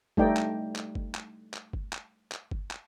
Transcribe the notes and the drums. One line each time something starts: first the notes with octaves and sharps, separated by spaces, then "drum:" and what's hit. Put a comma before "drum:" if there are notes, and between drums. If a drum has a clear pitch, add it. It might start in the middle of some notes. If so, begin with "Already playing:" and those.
G3 A3 D#4 D5 G5, drum: kick G1
drum: clap
drum: clap
drum: kick G1
drum: clap
drum: clap
drum: kick G1
drum: clap
drum: clap
drum: kick G1
drum: clap